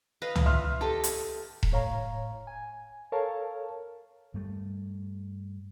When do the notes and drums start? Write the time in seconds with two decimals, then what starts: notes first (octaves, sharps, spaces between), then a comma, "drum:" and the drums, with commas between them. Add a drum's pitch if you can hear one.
0.22 B4 D#5 F5
0.35 drum: tom
0.46 E5 C6 F6
0.81 G4 A4 D#5 A5
1.04 drum: hi-hat
1.63 drum: kick E1
1.72 A2 C#5 F5 A#5
2.47 G#5
3.12 A4 A#4 C#5 F5 A5
4.34 G2 G3 A3